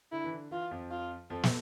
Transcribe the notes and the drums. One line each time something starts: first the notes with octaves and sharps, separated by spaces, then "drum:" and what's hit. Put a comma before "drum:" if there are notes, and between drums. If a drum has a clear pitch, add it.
D3 E4
E3
D3
E3 F4
F2 F3
F4
F2 F3 A4
drum: snare